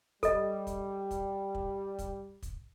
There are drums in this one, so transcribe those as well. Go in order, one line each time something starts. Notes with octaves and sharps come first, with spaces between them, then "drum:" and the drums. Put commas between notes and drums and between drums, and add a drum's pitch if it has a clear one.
G3 A4 D#5, drum: kick, hi-hat
drum: kick, hi-hat
drum: kick, hi-hat
drum: kick
drum: kick, hi-hat
drum: kick, hi-hat